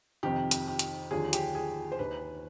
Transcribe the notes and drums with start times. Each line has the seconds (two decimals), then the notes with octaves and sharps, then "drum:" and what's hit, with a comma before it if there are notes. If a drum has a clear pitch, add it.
0.23 F2 C3 D#3 G4
0.51 drum: hi-hat
0.68 G4
0.79 drum: hi-hat
1.11 D#2 D3 F3 G#4
1.33 G4, drum: hi-hat
1.55 G#4
1.92 C5
1.99 D#2 D#3 B4